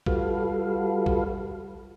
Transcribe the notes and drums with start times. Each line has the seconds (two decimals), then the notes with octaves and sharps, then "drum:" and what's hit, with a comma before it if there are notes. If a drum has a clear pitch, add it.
0.06 G3 F4 F#4 A4 B4 F5, drum: kick A#1
1.06 drum: kick A#1